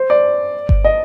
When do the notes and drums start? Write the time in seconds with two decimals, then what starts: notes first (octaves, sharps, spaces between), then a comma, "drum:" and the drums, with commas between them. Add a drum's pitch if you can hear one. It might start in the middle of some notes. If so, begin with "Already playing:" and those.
Already playing: C5
0.10 D5
0.69 drum: kick G1
0.84 D#5